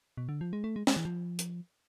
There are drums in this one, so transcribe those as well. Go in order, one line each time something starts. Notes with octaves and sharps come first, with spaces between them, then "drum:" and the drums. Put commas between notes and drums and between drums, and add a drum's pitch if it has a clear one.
B2
D3
F3
G#3
A3
G#3
G#3, drum: snare
E3
F3
drum: hi-hat